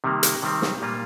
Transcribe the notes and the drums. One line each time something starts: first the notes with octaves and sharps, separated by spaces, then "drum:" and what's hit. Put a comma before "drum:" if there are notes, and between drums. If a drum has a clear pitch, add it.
C3 D#3 G3 A#3
drum: hi-hat
C3 D#3 G3 C4
drum: snare
A#2 G3 A#3 F4